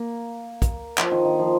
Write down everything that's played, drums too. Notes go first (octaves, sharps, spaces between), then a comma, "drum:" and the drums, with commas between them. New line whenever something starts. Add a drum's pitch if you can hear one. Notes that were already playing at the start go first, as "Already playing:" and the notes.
Already playing: A#3
drum: kick, hi-hat
F3, drum: clap
D#3
D#3
F3